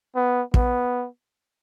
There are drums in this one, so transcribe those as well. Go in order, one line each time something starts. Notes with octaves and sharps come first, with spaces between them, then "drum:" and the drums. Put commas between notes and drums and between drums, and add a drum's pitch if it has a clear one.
B3
B3, drum: kick